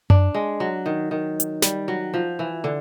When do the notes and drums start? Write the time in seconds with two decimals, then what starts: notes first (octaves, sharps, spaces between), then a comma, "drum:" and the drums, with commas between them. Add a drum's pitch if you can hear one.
0.10 D4, drum: tom F#2
0.34 G#3
0.60 F#3
0.86 D#3
1.11 D#3
1.40 drum: hi-hat
1.62 G3, drum: snare
1.88 F#3
2.14 F3
2.39 E3
2.64 D3